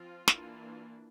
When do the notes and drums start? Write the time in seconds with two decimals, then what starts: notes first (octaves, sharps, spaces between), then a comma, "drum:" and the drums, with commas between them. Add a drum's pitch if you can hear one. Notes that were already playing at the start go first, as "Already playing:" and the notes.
Already playing: F3 C4 F4
0.28 E3 A#3 D4, drum: snare